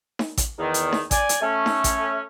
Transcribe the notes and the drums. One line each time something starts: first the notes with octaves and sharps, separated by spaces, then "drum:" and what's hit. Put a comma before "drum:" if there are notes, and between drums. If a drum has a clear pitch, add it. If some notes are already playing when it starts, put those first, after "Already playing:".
drum: snare D#4
drum: kick A1, hi-hat
E2 D#3
drum: hi-hat
drum: snare D#4
D5 G#5, drum: kick A1, hi-hat
drum: hi-hat
A3 C#4
drum: snare D#4
drum: kick A1, hi-hat